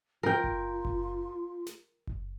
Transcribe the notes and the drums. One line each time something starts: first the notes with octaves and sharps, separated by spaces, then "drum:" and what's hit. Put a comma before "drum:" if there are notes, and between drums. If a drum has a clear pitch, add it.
F4 A#4 G5
drum: kick F#1
drum: kick F#1
drum: snare
drum: kick F#1